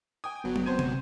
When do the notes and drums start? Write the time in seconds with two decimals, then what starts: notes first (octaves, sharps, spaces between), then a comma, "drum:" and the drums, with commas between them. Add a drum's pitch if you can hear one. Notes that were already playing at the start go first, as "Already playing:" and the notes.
0.24 G5 G#5 D#6
0.44 G1 G2 F#3 B3 F#4
0.56 drum: tom F#3
0.65 C4 C5 G#6 D#7
0.79 drum: tom